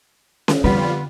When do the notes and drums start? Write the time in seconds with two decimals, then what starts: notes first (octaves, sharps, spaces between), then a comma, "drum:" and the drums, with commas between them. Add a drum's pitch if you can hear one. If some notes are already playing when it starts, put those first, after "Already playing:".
0.48 drum: snare C#4
0.64 F2 D3 G3 B3 F4 B4